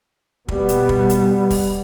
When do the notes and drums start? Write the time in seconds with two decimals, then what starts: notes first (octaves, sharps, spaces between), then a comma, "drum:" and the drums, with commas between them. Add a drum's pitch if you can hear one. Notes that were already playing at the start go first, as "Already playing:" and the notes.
0.48 B2 G3 B3, drum: kick
0.69 drum: hi-hat
0.89 drum: kick
1.10 drum: hi-hat
1.50 drum: kick, open hi-hat